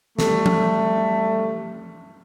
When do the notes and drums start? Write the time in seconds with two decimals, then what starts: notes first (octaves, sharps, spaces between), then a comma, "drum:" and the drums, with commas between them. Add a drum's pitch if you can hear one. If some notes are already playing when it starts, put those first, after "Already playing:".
0.19 G3 A3, drum: snare
0.46 drum: tom F3